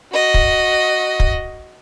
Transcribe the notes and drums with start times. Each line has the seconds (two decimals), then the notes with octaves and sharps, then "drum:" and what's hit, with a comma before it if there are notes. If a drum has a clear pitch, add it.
0.13 F#4 D#5
0.34 drum: kick
1.20 drum: kick